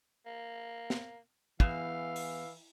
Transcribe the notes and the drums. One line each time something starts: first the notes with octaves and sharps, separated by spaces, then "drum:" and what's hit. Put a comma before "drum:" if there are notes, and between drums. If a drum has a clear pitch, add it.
A#3
drum: snare
E2 E3 F5, drum: kick
drum: open hi-hat